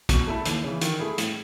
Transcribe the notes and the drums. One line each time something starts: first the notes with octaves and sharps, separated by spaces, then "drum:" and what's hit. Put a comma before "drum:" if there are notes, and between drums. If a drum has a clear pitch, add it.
B2, drum: kick, hi-hat
A3 E4 A4
D#2, drum: hi-hat
C#3 E3
D#3, drum: hi-hat
A3 E4 G#4
A2, drum: hi-hat